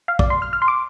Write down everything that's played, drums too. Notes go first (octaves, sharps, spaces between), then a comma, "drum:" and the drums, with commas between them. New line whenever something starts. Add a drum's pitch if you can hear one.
F5
D5, drum: kick
C6
F6
F6
C6
D6